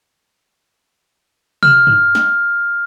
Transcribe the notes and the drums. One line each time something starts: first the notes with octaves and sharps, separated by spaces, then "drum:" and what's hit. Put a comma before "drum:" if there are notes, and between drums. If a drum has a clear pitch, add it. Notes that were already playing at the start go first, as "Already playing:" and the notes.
F6, drum: tom C3
drum: tom G2
drum: snare